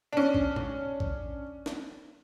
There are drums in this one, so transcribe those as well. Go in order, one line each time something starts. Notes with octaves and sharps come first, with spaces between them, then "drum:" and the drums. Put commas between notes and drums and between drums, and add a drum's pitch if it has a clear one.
C#4 D4
drum: kick A1
drum: tom A#2
drum: kick A1
drum: snare